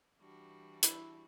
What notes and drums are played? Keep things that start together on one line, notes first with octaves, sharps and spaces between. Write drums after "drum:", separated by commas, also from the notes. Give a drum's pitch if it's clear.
E3 G3 D4 F#4
E4, drum: hi-hat